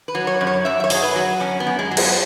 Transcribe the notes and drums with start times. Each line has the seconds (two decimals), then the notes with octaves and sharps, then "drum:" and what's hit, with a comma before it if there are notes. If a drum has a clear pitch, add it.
0.08 B4
0.15 F#3
0.27 C#5
0.41 F#2
0.47 C#5
0.65 F#2 E5
0.80 E5
0.84 C#5
0.90 F#3 G#4, drum: open hi-hat
1.03 B4
1.16 F#3
1.40 F#2 C#4
1.60 B3
1.67 F#2
1.79 G#3
1.91 F#3
1.97 B3, drum: cymbal